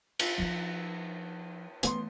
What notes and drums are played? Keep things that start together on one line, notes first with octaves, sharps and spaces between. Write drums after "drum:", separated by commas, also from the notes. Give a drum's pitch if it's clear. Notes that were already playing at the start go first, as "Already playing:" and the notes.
F4, drum: cymbal
F3 D#4
E3 A3 B3 C6, drum: hi-hat